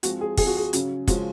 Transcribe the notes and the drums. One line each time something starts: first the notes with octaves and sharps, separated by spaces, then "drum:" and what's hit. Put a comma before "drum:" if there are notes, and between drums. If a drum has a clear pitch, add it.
F3 G#3 C4 F#4, drum: hi-hat
G#4
F3 C4 G#4, drum: kick, open hi-hat
F#4
G#4
C#3 F#3 C#4, drum: hi-hat
C#3 F3 G#3 C#4 F#4, drum: kick, hi-hat